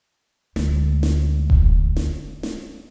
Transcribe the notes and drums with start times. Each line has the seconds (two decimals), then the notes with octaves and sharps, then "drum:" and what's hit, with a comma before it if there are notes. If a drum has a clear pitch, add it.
0.56 D2 G#3, drum: snare
1.03 drum: snare
1.50 drum: kick D#1
1.96 drum: snare
2.43 drum: snare